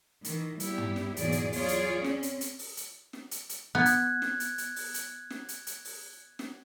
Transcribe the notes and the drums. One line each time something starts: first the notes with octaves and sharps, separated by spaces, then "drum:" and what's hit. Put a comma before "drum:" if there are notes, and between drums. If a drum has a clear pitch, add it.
D#3 E3, drum: hi-hat
G3 B3 E4 G4, drum: hi-hat
drum: tom
drum: snare
E2 G#2 B2 F#3 G#4 D5, drum: hi-hat
drum: hi-hat
F#3 F4 G#4 C#5 D5, drum: open hi-hat
drum: hi-hat
C4 C#4, drum: snare
drum: hi-hat
drum: hi-hat
drum: open hi-hat
drum: hi-hat
drum: snare
drum: hi-hat
drum: hi-hat
B3 F#6 G#6
drum: hi-hat
drum: snare
drum: hi-hat
drum: hi-hat
drum: open hi-hat
drum: hi-hat
drum: snare
drum: hi-hat
drum: hi-hat
drum: open hi-hat
drum: snare